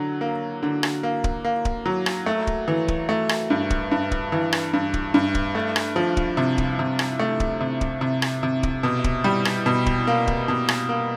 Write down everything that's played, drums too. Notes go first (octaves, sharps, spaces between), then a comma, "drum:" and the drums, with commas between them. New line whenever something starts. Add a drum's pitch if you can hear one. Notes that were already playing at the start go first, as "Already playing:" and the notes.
Already playing: D3 F#3
A#3
D3
drum: rim click
A#3
drum: kick D1
A#3
drum: kick D1
F#3
drum: rim click
A3
drum: kick D1
E3
drum: kick D1
A3
drum: rim click
G2
drum: kick D1
G2
drum: kick D1
E3
drum: rim click
G2
drum: kick D1
G2
drum: kick D1
A3
drum: rim click
F3
drum: kick D1
C3
drum: kick D1
C3
drum: rim click
A3
drum: kick D1
C3
drum: kick D1
C3
drum: rim click
C3
drum: kick D1
B2
drum: kick D1
G3
drum: rim click
B2
drum: kick D1
A#3
drum: kick D1
B2
drum: rim click
A#3